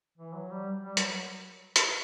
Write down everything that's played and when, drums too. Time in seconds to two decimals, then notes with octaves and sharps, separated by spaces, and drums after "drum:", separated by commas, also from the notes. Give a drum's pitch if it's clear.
0.18 E3
0.35 F#3
0.51 G3
0.84 G3
0.97 F#3, drum: hi-hat
1.76 drum: hi-hat